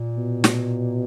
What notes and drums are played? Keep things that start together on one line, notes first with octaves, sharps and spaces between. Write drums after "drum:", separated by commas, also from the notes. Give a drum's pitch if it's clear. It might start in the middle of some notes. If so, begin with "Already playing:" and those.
Already playing: A#2
B2
drum: snare